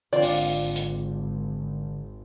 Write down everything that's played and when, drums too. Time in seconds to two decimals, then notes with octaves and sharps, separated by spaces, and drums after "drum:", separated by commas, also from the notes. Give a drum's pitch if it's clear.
0.13 G#1 D3 C4 D4 F4 D5
0.22 drum: open hi-hat
0.76 drum: hi-hat